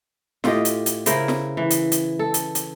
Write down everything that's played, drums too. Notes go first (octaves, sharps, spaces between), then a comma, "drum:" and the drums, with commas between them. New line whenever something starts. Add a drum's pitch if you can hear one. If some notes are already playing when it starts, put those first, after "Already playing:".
A2 F4 G4 D#5, drum: snare
drum: hi-hat
drum: hi-hat
C#3 E4 A#4 C5, drum: hi-hat
drum: snare
E3
drum: hi-hat
drum: hi-hat
A4
drum: hi-hat
drum: hi-hat